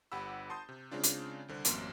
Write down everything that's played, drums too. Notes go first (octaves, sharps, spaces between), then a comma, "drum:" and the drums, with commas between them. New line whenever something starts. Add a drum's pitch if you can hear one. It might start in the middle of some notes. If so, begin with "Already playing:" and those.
G1 G4 F#5 B5 E6
A5 C6 D#6 G6
C3
C#3 G#3 C4 D4 F4
drum: hi-hat
C2 D3 C5
A1 F#2 A#3 C4 C6 D7, drum: hi-hat